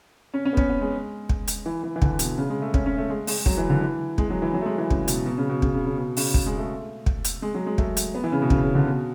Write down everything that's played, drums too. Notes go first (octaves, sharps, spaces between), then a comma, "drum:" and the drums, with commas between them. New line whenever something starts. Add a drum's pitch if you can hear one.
C#4
C#4
B3
C#4, drum: kick
B3
G#3
drum: kick
drum: hi-hat
E3
E3
E3
D3, drum: kick
B2, drum: hi-hat
C#3
G#3
A3
C#4, drum: kick
C#4
A3
G#3
G#3, drum: open hi-hat
F#3, drum: kick
E3
D3
E3
G#3, drum: kick
F#3
E3
F#3
A3
G#3
E3
C#3, drum: kick
B2, drum: hi-hat
B2
C#3
B2
C#3, drum: kick
C#3
C#3
B2
C#3, drum: open hi-hat
drum: kick
G#3
A3
drum: kick
drum: hi-hat
G#3
F#3
G#3
A3, drum: kick
drum: hi-hat
B3
E3
C#3
B2
C#3, drum: kick
C#3
D3
B2